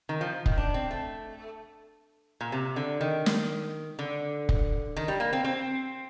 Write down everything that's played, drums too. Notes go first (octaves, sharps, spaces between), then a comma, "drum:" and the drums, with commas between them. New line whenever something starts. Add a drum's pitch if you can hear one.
D#3
F3
D#3, drum: kick
D4
C4
A3
A#2
C3
D3
D#3
drum: snare
D3
drum: kick
D#3
G3
A#3
C4
C4